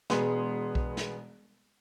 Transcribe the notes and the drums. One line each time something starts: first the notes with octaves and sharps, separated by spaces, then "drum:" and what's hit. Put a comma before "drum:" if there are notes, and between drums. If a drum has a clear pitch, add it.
E1 G#3 B3 G#4 C6, drum: snare
drum: kick B1
drum: snare